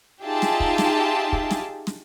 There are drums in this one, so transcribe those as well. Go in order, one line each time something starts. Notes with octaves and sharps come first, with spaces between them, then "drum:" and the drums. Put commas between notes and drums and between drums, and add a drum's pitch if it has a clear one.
D#4 F4 G4 G#4 E5 A5
drum: snare
drum: kick
drum: snare
drum: kick
drum: snare
drum: snare